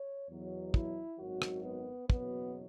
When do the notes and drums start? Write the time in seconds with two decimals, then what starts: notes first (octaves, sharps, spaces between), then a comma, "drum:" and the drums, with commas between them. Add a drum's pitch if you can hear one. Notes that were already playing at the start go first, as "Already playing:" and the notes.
Already playing: C#5
0.30 E2 B2 F#3
0.74 E4, drum: kick
1.19 G#1 F#2 D#3 F#3 F#4
1.42 drum: rim click
1.64 B3
2.10 F#1 E2 B2 F#3 B3, drum: kick